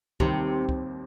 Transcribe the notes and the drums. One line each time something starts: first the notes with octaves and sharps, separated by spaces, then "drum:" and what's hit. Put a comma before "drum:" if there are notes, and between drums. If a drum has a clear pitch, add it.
D#2 C3 D#3 G3 C4, drum: kick
drum: kick